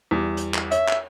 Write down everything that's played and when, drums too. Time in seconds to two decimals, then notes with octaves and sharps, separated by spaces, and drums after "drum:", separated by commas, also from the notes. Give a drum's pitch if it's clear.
0.11 E2 G3
0.37 drum: hi-hat
0.54 drum: clap
0.71 C#5 E5, drum: hi-hat
0.89 drum: clap